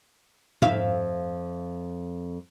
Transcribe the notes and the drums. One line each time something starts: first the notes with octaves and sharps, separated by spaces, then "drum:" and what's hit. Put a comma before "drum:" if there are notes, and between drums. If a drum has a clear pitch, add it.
F2 E5 F5, drum: tom G#2